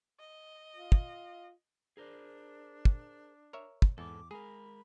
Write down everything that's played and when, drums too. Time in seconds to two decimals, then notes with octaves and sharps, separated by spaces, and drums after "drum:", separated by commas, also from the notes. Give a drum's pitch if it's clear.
0.19 D#5
0.76 F4
0.92 drum: kick
1.97 D4 G#4 A#4 C5
2.85 drum: kick
3.53 A#4 C#5 E5
3.82 drum: kick
3.98 E2 G#2 A4 D6
4.31 G#3 G#4 A#4 B5